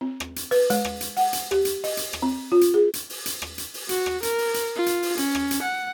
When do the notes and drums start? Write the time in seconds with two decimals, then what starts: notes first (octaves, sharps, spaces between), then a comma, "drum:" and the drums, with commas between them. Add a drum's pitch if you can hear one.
0.01 C4
0.20 drum: rim click
0.36 drum: hi-hat
0.51 B4, drum: open hi-hat
0.70 G#3, drum: hi-hat
0.84 drum: rim click
1.01 drum: hi-hat
1.17 F#5, drum: open hi-hat
1.33 drum: hi-hat
1.51 G4, drum: rim click
1.65 drum: hi-hat
1.84 D#5, drum: open hi-hat
1.97 drum: hi-hat
2.13 drum: rim click
2.22 C4
2.52 F4
2.61 drum: hi-hat
2.74 G#4
2.93 drum: hi-hat
3.10 drum: open hi-hat
3.26 drum: hi-hat
3.42 drum: rim click
3.58 drum: hi-hat
3.74 drum: open hi-hat
3.89 F#4, drum: hi-hat
4.06 drum: rim click
4.23 A#4, drum: hi-hat
4.38 drum: open hi-hat
4.54 drum: hi-hat
4.76 F4
4.86 drum: hi-hat
5.02 drum: open hi-hat
5.17 C#4, drum: hi-hat
5.35 drum: rim click
5.51 drum: hi-hat
5.62 F#5